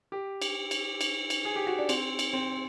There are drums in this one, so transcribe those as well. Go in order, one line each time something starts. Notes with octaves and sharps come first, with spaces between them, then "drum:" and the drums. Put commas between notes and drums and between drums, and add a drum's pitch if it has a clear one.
G4
drum: cymbal
drum: cymbal
drum: cymbal
drum: cymbal
G#4
G4
F#4
D4
C4, drum: cymbal
drum: cymbal
C4